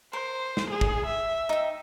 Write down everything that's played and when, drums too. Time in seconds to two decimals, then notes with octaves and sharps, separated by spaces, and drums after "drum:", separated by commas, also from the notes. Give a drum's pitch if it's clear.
0.13 A#4 C5
0.57 drum: snare
0.70 G#4
0.81 drum: kick
1.06 E5
1.49 D#4 G5